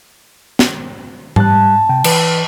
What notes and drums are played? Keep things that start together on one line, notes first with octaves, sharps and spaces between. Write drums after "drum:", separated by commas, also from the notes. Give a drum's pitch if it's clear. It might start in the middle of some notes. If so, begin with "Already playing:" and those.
drum: snare
G3 A5 F#6, drum: tom G#2
C3 G5
E3 B4, drum: cymbal